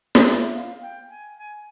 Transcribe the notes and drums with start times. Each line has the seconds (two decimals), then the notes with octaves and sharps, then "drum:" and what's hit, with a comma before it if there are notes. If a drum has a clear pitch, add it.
0.15 drum: snare
0.29 E5
0.55 F5
0.82 G5
1.09 G#5
1.37 G#5